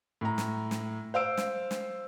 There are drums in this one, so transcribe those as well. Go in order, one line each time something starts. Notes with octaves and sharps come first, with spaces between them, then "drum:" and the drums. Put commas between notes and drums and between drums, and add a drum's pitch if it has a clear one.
A2 A#5
drum: snare
drum: snare
C5 F5 E6 D7
drum: snare
drum: snare